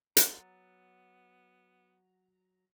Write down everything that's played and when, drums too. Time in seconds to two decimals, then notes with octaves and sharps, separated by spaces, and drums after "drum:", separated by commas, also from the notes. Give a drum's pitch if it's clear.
0.17 F#3 B3 F#5 A#5 A6, drum: hi-hat